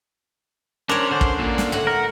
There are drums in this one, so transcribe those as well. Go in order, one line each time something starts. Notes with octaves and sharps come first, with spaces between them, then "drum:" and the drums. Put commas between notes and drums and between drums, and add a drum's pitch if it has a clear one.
C#4 D4 A#4 C5 C#5
D3 C#4 D4 C5
drum: kick
A#2 A#3
drum: snare
A2 F#4 F#5
A#4